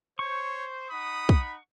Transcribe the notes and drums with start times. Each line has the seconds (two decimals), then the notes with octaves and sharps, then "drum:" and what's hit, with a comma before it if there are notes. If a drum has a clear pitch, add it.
0.19 C5 C#5 C#6
0.90 D#4 F#5 B5 D#6
1.29 drum: kick